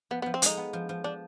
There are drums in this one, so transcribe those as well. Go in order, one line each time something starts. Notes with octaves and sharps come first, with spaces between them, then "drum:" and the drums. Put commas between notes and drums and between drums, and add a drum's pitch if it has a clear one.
F3 B3
B3
F3
C4
G#3 D#4, drum: hi-hat
B3
F3
F3
F3 D4